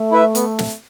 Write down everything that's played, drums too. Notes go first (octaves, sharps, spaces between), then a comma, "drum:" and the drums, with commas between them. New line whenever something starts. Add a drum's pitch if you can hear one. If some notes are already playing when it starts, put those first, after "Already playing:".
Already playing: A3
E4 B4 E5
B3, drum: hi-hat
drum: snare